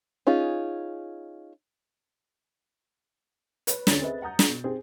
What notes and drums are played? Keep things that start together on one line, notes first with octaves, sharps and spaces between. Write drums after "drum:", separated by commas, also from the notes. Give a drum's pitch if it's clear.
C#4 D#4 F4 G#4
B4 C#5, drum: hi-hat
D2 C#4 D4 A6, drum: snare
C4 G#4 B4 D#5 E5
F#5 A#5 D#6 G6
drum: snare
B2
C4 D#4 G4 G#4